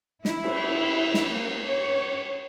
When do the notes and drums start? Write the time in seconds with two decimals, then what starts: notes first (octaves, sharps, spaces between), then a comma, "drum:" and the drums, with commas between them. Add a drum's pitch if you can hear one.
0.25 E4, drum: snare
0.44 drum: cymbal
1.14 drum: snare
1.31 A#3
1.67 C#5